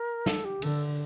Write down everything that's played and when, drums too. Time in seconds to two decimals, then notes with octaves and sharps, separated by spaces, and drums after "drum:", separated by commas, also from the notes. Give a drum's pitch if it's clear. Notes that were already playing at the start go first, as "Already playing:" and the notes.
Already playing: A#4
0.26 A4, drum: snare
0.44 G4
0.62 D3 A4, drum: cymbal